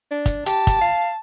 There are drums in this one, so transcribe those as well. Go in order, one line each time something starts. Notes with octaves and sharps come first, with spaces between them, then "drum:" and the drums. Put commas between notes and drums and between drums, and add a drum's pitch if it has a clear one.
D4
drum: kick, hi-hat
G4 A5, drum: hi-hat
drum: kick, hi-hat
F5